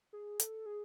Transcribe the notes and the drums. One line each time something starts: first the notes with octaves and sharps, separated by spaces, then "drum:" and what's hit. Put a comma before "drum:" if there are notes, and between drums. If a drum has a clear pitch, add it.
G#4
A4, drum: hi-hat
G#4